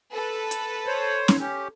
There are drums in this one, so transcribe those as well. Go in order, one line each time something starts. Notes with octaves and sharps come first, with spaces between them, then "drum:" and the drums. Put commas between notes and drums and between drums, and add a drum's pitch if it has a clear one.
A4 B4
drum: hi-hat
C5 C#5
drum: snare
C#4 G4